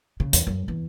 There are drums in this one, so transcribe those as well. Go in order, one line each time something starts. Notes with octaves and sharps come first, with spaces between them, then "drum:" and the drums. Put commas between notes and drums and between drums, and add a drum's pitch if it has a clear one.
C#3
E2, drum: hi-hat
F#2
E2